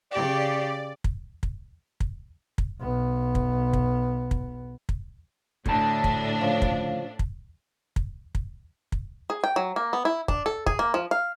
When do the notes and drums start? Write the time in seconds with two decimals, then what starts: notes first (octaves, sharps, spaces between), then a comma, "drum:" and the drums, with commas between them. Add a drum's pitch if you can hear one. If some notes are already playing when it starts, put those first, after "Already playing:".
0.11 C#3 G4 D5
1.04 drum: kick
1.43 drum: kick
2.00 drum: kick
2.58 drum: kick
2.79 B1 B3
3.35 drum: kick
3.73 drum: kick
4.31 drum: kick
4.89 drum: kick
5.66 D2 A2 D4 A5, drum: kick
6.04 drum: kick
6.41 C#3 F3 C5
6.62 drum: kick
7.19 drum: kick
7.96 drum: kick
8.35 drum: kick
8.92 drum: kick
9.30 G#4
9.44 G5
9.56 F#3
9.76 A#3
9.93 B3
10.05 E4
10.28 D4, drum: kick
10.46 A4
10.66 G#4, drum: kick
10.79 A#3
10.94 F3
11.11 F5